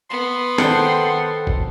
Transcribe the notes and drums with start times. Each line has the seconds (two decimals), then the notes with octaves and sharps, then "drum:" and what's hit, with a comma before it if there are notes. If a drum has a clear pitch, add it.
0.11 B3 C6
0.58 D#3 A4 C5 F#5 G5, drum: snare
1.47 drum: kick